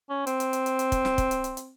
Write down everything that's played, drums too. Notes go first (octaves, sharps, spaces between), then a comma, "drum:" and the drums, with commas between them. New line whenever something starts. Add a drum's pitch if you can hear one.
C#4
C4, drum: hi-hat
drum: hi-hat
drum: hi-hat
drum: hi-hat
drum: hi-hat
drum: kick, hi-hat
drum: snare
drum: kick, hi-hat
drum: hi-hat
drum: hi-hat
drum: hi-hat